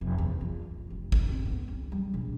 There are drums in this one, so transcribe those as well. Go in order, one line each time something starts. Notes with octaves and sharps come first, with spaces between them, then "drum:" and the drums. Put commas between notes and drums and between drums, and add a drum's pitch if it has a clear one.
F1
E2
F4
A1
F1
C#3, drum: kick G#1
C4
B3
C#2
G3
A#1